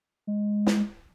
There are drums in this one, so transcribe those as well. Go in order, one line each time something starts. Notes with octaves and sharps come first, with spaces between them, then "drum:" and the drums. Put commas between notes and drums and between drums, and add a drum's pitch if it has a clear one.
G#3
drum: snare